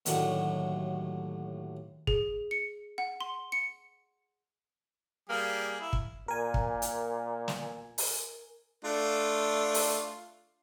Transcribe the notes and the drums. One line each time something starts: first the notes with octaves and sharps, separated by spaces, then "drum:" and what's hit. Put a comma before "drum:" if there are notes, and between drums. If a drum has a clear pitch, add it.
D#2 A2 D3 F#3, drum: hi-hat
G#4, drum: kick
C#7
F#5
C6
C#7
G3 A#3 G#4
E4
drum: kick
A#2 A#4 G#5
drum: kick
drum: hi-hat
drum: snare
drum: open hi-hat
A3 D4 F4
drum: open hi-hat